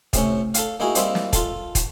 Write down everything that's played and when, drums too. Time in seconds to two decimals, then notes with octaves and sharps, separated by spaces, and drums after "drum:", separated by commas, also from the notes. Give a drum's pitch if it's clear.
0.13 A2 C3 C#4, drum: kick, hi-hat
0.54 A4 F5, drum: hi-hat
0.80 A#3 D#4 E4 F#4 G#4
0.95 G3 A#3 C4 D#4 E4, drum: hi-hat
1.15 drum: snare
1.33 F4 A4, drum: kick, hi-hat
1.75 drum: kick, hi-hat